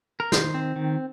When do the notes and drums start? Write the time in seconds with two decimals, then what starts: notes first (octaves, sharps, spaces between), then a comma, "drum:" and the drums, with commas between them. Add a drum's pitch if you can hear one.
0.20 A#4
0.32 D#3 C5, drum: snare
0.54 C4
0.76 D#3